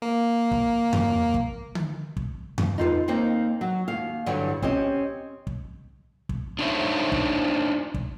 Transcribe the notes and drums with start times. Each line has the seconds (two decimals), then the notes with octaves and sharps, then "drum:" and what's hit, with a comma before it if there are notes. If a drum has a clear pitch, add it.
0.02 A#3
0.51 drum: kick
0.93 drum: tom F2
1.34 drum: kick
1.75 drum: tom D3
2.17 drum: kick
2.58 drum: tom F2
2.78 D#4 F4 A4 B4
3.08 D#2 A#3 C4 D#4
3.61 F#3
3.88 D#2 F5
4.26 G2 D3 E3 F#3 G3
4.62 C4 C#4 G4 D#5, drum: kick
5.47 drum: kick
6.29 drum: kick
6.59 D4 D#4 C5 C#5 D#5 E5
7.12 drum: kick
7.94 drum: kick